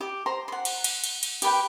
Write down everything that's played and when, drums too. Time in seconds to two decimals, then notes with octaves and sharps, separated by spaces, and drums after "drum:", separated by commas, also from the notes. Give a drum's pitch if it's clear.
0.01 G4 D6
0.26 C5 A#5 C6
0.48 F#5 C6
0.65 drum: cymbal
0.84 drum: cymbal
1.04 drum: cymbal
1.23 drum: cymbal
1.42 G4 B4 G5, drum: cymbal